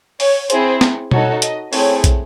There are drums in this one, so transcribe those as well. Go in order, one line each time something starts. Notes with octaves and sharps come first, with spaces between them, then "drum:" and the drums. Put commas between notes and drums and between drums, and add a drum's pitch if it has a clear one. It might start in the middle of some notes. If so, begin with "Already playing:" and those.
C#5, drum: open hi-hat
C4 E4 G#4 C5, drum: hi-hat
drum: snare
D#4 F#4 A4 C#5, drum: tom B2
D#5, drum: hi-hat
A3 C4 E4 G#4 C#5, drum: open hi-hat
drum: kick, hi-hat